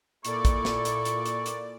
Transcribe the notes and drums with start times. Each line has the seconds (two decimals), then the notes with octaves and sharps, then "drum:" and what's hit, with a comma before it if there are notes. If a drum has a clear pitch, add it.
0.25 A#2 E4 A4 D5 C#6, drum: hi-hat
0.45 drum: kick, hi-hat
0.65 drum: snare
0.85 drum: hi-hat
1.05 drum: hi-hat
1.26 drum: hi-hat
1.46 drum: hi-hat